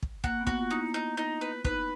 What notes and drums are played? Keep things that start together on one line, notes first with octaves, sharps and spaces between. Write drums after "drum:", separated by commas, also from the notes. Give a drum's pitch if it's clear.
drum: kick
A#3 F#4, drum: kick
B3
F#4, drum: kick
F4
D#4
E4
D#4
D#4
B4
D#4 B4, drum: kick